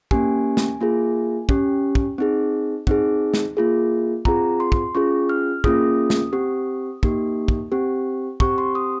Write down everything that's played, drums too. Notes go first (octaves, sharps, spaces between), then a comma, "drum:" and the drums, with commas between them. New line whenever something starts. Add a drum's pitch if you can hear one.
A#3 C#4 G4 G#5, drum: kick
drum: snare
A#3 F4 G#4
C#4 G4, drum: kick
drum: kick
C4 D#4 G#4
C4 D#4 G#4, drum: kick
drum: snare
A#3 F4 G#4
C4 F4 G#4 A#5, drum: kick
C6
drum: kick
C#4 F4 G#4 C#6
F6
A#3 C#4 F4 G#4 D#6, drum: kick
drum: snare
C4 G4
A#3 D#4 G4, drum: kick
drum: kick
C4 G4
C4 G4 C#6, drum: kick
C6
D#6